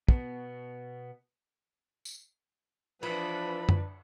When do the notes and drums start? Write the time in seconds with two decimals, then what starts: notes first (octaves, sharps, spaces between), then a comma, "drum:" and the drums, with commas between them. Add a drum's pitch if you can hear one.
0.09 B2 B3, drum: kick
2.05 drum: tambourine
3.03 E3 F3 D4 B4 B5, drum: cymbal
3.69 drum: tom F#2